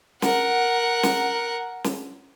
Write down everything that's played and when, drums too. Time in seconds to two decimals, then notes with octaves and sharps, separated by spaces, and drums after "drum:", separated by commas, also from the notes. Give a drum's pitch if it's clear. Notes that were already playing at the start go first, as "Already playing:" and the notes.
0.22 A#4 F#5, drum: snare
1.03 drum: snare
1.84 drum: snare